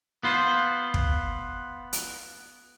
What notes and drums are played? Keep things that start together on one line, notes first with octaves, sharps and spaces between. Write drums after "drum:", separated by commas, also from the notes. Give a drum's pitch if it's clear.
B3 F4 C5
drum: kick
drum: hi-hat